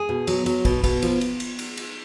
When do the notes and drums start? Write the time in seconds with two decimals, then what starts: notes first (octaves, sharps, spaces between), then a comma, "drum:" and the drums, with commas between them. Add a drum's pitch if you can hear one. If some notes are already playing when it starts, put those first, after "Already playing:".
Already playing: G#4
0.09 B2
0.27 F#3, drum: cymbal
0.46 F#3, drum: cymbal
0.65 B2, drum: kick, cymbal
0.84 B2, drum: kick, cymbal
1.02 F3, drum: cymbal
1.21 drum: cymbal
1.40 drum: cymbal
1.59 drum: cymbal
1.77 drum: cymbal